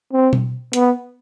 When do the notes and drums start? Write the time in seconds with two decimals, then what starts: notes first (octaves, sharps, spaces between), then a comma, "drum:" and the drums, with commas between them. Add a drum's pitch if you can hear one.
0.13 C4
0.33 drum: tom B2
0.73 B3, drum: hi-hat